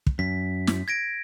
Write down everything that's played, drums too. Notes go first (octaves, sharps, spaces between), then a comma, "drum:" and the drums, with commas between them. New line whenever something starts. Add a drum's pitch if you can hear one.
drum: kick
F#2 B6
drum: snare
G#6 A#6 D7